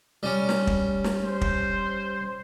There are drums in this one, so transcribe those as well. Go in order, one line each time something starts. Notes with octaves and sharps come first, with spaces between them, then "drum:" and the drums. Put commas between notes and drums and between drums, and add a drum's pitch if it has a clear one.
G3 C#4
drum: snare
drum: kick
drum: snare
C5
drum: kick